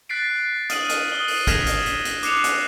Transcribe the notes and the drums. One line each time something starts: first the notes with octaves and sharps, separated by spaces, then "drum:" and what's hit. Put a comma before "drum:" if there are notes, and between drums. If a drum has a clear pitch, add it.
F#6 A6 B6 C7 D7
D#6 F6 D#7 F#7, drum: hi-hat
drum: hi-hat
D#6 G7
drum: open hi-hat
F6 G#6 A#6 B6 E7 F7, drum: kick, hi-hat
drum: hi-hat
drum: hi-hat
drum: hi-hat
D6 F#6 C7 C#7 E7 F7, drum: hi-hat
drum: hi-hat